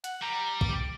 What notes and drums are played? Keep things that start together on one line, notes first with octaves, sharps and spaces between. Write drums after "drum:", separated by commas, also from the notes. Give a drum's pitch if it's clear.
F#5, drum: hi-hat
G3 A#5
D6, drum: kick